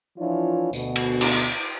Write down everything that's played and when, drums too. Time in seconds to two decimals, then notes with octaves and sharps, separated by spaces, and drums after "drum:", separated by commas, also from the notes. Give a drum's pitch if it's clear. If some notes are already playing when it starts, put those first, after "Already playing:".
0.19 E3 F3 D4 E4 F4 C#5
0.73 D2 B2, drum: tambourine
0.96 drum: cymbal
1.21 drum: cymbal